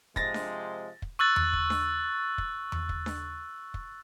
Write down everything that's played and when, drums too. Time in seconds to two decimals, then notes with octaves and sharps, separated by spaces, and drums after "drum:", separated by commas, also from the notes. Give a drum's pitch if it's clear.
0.16 C3 F3 G#3 A6 A#6, drum: kick
0.34 drum: snare D4
1.02 drum: kick
1.19 C#6 E6 F#6 A6
1.36 drum: tom E2
1.53 drum: kick
1.70 drum: snare D4
2.38 drum: kick
2.72 drum: tom E2
2.89 drum: kick
3.06 drum: snare D4
3.74 drum: kick